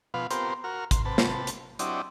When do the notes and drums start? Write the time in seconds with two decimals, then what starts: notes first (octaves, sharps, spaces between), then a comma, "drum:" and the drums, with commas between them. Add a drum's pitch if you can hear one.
0.14 B2 F3 B4 F5
0.31 B3 C4 F4 G4 A#4 C5, drum: hi-hat
0.64 F#4 A#4 F6
0.91 C6, drum: kick, hi-hat
1.05 C3 B4 A5
1.18 drum: snare
1.47 drum: hi-hat
1.79 F#3 C4 D4 E4 G4 D#5, drum: hi-hat